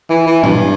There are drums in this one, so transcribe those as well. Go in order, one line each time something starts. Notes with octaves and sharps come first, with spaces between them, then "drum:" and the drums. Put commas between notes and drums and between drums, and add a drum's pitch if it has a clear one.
E3
E3
G2, drum: tom A#2